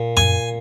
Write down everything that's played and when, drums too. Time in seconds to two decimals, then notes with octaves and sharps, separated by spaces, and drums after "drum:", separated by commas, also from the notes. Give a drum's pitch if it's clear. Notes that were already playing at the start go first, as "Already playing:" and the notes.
Already playing: A#2
0.17 G#5, drum: tom F#2